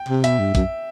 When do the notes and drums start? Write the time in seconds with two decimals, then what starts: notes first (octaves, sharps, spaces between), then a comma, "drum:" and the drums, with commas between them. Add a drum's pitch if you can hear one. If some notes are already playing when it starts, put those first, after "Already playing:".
Already playing: G5
0.09 C3
0.24 B2 E5, drum: hi-hat
0.39 G2
0.55 F#2, drum: kick, hi-hat